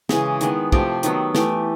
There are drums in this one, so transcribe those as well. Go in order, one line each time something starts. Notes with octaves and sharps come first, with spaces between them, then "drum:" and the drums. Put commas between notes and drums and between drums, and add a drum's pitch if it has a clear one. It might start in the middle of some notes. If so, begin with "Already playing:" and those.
C#3 E3 G#3 G#4, drum: snare
D#3 G#3 B3, drum: hi-hat
C3 F3 A3 G4, drum: kick
D#3 F#3 B3, drum: hi-hat
E3 A3 G4, drum: snare